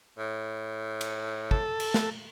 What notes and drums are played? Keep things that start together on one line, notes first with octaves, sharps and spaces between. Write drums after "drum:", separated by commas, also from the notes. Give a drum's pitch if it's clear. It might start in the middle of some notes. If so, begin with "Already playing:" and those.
A2
drum: cymbal
A4, drum: kick
drum: cymbal
drum: snare